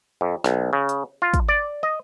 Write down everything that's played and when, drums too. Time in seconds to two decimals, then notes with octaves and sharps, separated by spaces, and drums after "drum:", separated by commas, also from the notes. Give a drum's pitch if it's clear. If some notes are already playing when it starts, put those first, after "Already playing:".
0.21 F2
0.44 B1, drum: snare
0.73 C#3
0.89 drum: hi-hat
1.22 F4
1.34 drum: kick, hi-hat
1.49 D5
1.83 D#5